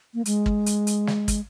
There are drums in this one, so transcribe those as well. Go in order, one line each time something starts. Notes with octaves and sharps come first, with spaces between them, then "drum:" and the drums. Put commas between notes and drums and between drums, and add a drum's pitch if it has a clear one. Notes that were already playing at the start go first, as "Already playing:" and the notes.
A#3
G#3, drum: hi-hat
drum: kick
drum: hi-hat
drum: hi-hat
drum: snare
drum: kick, hi-hat